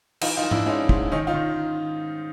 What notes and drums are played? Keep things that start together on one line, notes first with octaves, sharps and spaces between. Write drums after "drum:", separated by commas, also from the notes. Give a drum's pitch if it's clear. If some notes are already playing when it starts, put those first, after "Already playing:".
E3 D#4 F4, drum: cymbal
D#4 F4
E3
D4 E4, drum: tom G#2
G#2 C#4 D#4
G#2, drum: kick
D#3 C#4 D#4
D#4 F4
D#3